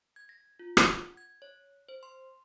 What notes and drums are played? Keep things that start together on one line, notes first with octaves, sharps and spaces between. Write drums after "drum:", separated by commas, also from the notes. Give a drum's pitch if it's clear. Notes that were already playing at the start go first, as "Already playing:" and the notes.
G#6
A#6
F4
F#5, drum: rim click
G#6
C#5
C5
C6